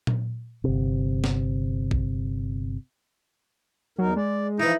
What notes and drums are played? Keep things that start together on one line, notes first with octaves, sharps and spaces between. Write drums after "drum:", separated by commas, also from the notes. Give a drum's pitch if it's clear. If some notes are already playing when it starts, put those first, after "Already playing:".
drum: tom A#2
G1 C3
drum: snare
drum: kick A#1
E2 F#3 D#4 A#4
G#3 D5
E3 F3 D#4 E4 B4